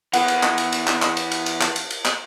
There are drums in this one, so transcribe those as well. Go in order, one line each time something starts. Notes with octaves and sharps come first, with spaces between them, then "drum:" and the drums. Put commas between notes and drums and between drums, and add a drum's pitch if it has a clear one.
E3 B3 F#5, drum: cymbal
drum: cymbal
drum: clap
drum: cymbal
drum: cymbal
drum: clap
drum: clap
drum: cymbal
drum: cymbal
drum: cymbal
drum: clap
drum: cymbal
drum: cymbal
drum: clap